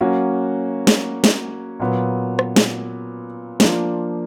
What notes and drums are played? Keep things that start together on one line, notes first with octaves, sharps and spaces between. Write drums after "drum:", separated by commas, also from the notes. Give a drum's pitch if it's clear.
F#3 A#3 C#4 F#4
drum: snare
drum: snare
A#2 F#3 B3
drum: rim click
drum: snare
F3 A#3 D4 F4, drum: snare